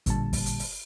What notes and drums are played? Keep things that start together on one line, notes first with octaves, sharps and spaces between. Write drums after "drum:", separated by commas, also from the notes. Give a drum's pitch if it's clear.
A1 A#2 D3 G3 A5, drum: kick, hi-hat
drum: kick, open hi-hat
drum: hi-hat
drum: open hi-hat